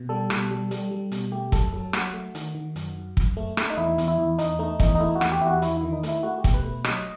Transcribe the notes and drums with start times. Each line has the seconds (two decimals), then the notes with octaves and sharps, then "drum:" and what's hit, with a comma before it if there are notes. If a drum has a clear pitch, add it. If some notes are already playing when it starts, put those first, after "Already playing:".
Already playing: B2
0.09 G3 A4
0.30 B2, drum: rim click
0.51 G3
0.71 G3, drum: hi-hat
0.91 G3
1.12 B2, drum: hi-hat
1.32 A3 G4
1.52 F#2 A4, drum: kick, hi-hat
1.73 F#3 A4
1.93 F#3 F#4, drum: rim click
2.14 A3
2.35 D#3, drum: hi-hat
2.55 D#3
2.76 F#2, drum: hi-hat
2.96 F#2
3.17 F#2, drum: kick
3.37 A3
3.57 A3, drum: rim click
3.70 D#4
3.77 E2 E4
3.98 E2, drum: hi-hat
4.08 E4
4.18 E2
4.38 E2 D#4, drum: hi-hat
4.59 A3 D#4
4.80 E2 D#4, drum: kick, hi-hat
4.95 D#4
5.00 A3 E4
5.15 F#4
5.21 E2, drum: rim click
5.32 G4
5.41 E2 E4
5.47 F#4
5.62 E2 E4, drum: hi-hat
5.77 E4
5.83 D#3
5.93 D#4
6.03 A3 E4, drum: hi-hat
6.23 A3 F#4
6.38 G4
6.44 B2, drum: kick, hi-hat
6.54 B4
6.64 A3
6.84 F#3 D#5, drum: rim click